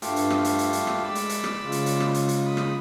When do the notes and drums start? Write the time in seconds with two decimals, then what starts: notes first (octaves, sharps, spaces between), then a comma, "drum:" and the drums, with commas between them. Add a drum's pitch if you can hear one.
0.02 G2 A3 F4 G4, drum: hi-hat
0.16 drum: hi-hat
0.30 drum: rim click
0.45 drum: hi-hat
0.59 drum: hi-hat
0.73 drum: hi-hat
0.87 drum: rim click
1.05 G#3 D5 B5 E6
1.15 drum: hi-hat
1.29 drum: hi-hat
1.44 drum: rim click
1.62 C#3 G#3 F4
1.72 drum: hi-hat
1.86 drum: hi-hat
2.00 drum: rim click
2.14 drum: hi-hat
2.29 drum: hi-hat
2.46 B5 D#6
2.57 drum: rim click